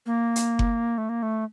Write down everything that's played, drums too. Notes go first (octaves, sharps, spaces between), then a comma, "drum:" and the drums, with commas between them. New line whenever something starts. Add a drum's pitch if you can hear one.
A#3
drum: hi-hat
drum: kick F#1
A3
A#3
A3